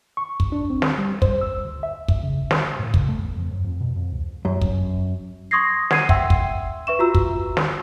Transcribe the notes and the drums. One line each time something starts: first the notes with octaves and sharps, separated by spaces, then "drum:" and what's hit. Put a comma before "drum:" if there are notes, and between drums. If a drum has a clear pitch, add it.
C#6
drum: kick
D4
C4
drum: snare
G3
C5, drum: kick
E6
D2
E5
drum: kick
C#3
drum: snare
A2
C#3, drum: kick
A3
E2
F2
F#2
F2
B2
F2
C#2
F#2
drum: kick
C6 C#6 D#6 G#6 A#6 C7
F#5 G#6 C7 D#7, drum: snare
E5 F#5 G5 C6 E6, drum: kick
drum: kick
B4 E5 C#6 E7
F4 F#4 A#5 E6
drum: kick
drum: snare